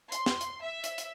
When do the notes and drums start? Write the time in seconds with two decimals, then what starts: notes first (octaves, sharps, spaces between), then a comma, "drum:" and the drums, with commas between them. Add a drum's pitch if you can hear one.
0.12 C6, drum: hi-hat
0.26 drum: snare
0.41 drum: hi-hat
0.64 E5
0.84 drum: hi-hat
0.98 drum: hi-hat